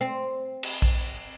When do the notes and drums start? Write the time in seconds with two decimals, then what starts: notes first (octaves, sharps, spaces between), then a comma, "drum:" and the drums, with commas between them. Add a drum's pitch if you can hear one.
0.01 C4
0.63 drum: cymbal
0.82 drum: kick A#1